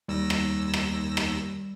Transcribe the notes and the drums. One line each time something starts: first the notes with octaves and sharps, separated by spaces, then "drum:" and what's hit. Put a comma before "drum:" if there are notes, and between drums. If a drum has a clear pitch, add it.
D#2 G3 E6 A#6
drum: rim click
drum: rim click
drum: rim click